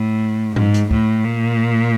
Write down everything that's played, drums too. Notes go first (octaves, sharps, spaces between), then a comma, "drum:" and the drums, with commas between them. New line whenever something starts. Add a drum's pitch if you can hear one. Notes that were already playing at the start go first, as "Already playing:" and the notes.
Already playing: A2
G#2, drum: tom G#2
drum: hi-hat
A2, drum: kick
A#2